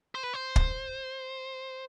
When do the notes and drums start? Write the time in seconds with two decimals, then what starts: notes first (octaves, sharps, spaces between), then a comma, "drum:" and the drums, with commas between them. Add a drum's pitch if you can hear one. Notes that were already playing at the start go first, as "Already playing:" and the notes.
0.15 C5
0.23 B4
0.34 C5
0.56 drum: kick